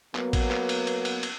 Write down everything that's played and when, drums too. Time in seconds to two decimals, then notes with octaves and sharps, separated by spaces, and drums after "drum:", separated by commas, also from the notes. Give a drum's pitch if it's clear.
0.15 F#3 A#3 B3, drum: clap
0.33 drum: kick A1, cymbal
0.51 drum: clap
0.69 drum: cymbal
0.87 drum: cymbal
1.05 drum: cymbal
1.23 drum: cymbal